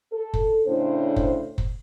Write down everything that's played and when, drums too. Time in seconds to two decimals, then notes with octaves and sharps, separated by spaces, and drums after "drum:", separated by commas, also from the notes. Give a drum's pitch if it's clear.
0.13 A4
0.34 drum: kick F#1
0.67 A2 C#3 D4 C5
1.16 drum: kick F#1
1.58 drum: kick F#1